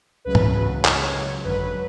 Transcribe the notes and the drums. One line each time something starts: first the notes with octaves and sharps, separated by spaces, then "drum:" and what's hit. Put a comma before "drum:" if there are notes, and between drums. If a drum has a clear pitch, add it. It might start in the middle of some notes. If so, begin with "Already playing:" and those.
C#2 C#3 F#3 B4
drum: tom G#2
C#2 C#3 F#3
C#2 C#3 F#3 C#5, drum: clap
C#2 C#3 F#3
G#1 F#2 D3 F#3 B4
F#3